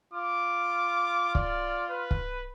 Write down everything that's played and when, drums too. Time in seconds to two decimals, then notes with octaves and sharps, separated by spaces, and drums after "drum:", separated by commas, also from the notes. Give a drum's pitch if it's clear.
0.13 F4 D6
1.35 D5, drum: kick
1.90 B4
2.11 drum: kick